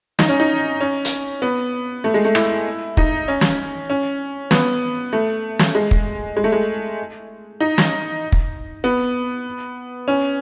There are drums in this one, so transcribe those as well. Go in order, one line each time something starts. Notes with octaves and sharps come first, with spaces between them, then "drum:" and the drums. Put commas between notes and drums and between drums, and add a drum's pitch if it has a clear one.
D#4, drum: snare
C#4
D#4
C#4
drum: hi-hat
B3
A3
G#3
A3
E4, drum: rim click
D#4, drum: kick
C#4
drum: snare
C#4
B3, drum: snare
A3
drum: snare
G#3
drum: kick
G#3
A3
G#3
D#4
drum: snare
drum: kick
B3
C#4